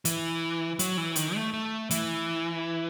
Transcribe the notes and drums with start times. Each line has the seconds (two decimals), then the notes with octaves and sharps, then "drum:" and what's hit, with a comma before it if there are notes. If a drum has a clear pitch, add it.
0.05 E3, drum: hi-hat
0.79 F#3, drum: hi-hat
0.97 E3
1.16 D#3, drum: hi-hat
1.35 A3
1.54 A3
1.91 E3, drum: hi-hat